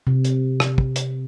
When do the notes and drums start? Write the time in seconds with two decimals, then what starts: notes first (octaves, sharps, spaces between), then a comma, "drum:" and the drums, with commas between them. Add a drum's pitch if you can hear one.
0.07 C3
0.25 drum: hi-hat
0.60 drum: rim click
0.78 drum: kick
0.96 drum: hi-hat